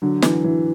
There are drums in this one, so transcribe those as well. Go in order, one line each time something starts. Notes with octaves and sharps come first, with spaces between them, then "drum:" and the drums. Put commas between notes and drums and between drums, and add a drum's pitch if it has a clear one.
D3 F#3
E3, drum: snare
E3